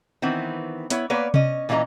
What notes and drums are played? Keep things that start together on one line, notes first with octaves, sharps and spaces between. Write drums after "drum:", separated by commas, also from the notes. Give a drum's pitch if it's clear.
D#3 E3 B3 C4
B3 E4 C#5, drum: hi-hat
A#3 B3 B4 C#5 D5
C#4 D#5, drum: tom C3
A#2 E3 C#4 F4 D#5 A#5